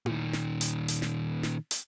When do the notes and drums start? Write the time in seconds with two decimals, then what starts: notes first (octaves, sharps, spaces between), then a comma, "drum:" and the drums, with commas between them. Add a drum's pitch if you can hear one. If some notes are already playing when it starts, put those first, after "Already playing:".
0.06 A#2 D#3, drum: tom E4
0.33 drum: snare
0.61 drum: hi-hat
0.88 drum: hi-hat
1.02 drum: snare
1.43 drum: snare
1.71 drum: hi-hat